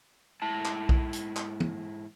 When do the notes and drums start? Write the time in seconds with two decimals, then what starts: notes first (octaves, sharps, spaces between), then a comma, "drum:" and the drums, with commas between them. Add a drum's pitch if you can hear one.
0.42 G#2 E4 A5
0.65 drum: clap
0.89 drum: kick B1
1.13 drum: hi-hat
1.37 drum: clap
1.60 drum: tom